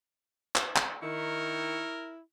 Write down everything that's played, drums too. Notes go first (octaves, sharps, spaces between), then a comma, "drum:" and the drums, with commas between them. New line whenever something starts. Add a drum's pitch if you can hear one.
drum: clap
drum: clap
D#3 E4 A#4 C#6